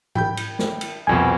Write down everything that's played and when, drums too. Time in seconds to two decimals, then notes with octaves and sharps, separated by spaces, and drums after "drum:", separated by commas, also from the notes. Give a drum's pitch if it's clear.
0.15 G5 B5 G6, drum: tom G#2
0.37 drum: cymbal
0.59 drum: snare
0.81 drum: cymbal
1.07 C2 F2 B2 G#5